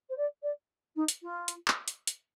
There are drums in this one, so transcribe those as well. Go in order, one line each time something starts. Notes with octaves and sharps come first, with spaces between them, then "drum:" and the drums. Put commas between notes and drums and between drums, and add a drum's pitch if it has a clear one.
C5
D5
D5
D#4
drum: hi-hat
F4
drum: hi-hat
drum: clap
drum: hi-hat
drum: hi-hat